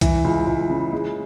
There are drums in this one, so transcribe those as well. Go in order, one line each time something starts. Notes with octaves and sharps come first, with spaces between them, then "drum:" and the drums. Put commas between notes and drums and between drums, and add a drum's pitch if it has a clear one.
E3, drum: kick C2, hi-hat
C#2
C#2
C#3
G#3